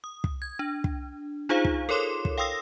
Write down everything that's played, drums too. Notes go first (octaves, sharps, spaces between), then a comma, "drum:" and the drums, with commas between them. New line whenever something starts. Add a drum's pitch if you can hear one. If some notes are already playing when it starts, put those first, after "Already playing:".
D#6
drum: kick
G#6
D4
drum: kick
D#4 F4 G#4 C5 F5
drum: kick
A4 A#4 C#5 C6 D6 E7
drum: kick
F5 G5 C6 D#6 E6 A#6